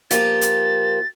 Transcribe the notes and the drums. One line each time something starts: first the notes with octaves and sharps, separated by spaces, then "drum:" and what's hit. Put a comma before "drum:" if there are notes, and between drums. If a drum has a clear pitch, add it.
F3 A#3 G4 A6, drum: hi-hat
drum: hi-hat